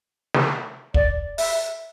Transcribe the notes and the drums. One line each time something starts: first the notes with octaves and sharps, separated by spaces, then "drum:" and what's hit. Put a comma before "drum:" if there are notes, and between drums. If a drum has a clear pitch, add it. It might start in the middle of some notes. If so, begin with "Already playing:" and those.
drum: snare
D5, drum: kick
E5, drum: open hi-hat